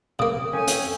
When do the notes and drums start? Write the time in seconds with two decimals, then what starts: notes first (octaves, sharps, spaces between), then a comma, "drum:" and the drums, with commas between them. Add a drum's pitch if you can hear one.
0.19 C#3 A#3 D#6
0.53 C#4 A4 C#5 G5 G#5
0.67 drum: hi-hat